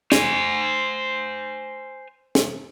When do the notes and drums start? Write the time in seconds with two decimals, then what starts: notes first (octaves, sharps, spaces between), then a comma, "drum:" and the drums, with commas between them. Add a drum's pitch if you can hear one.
0.12 C5 G#5, drum: snare
2.35 drum: snare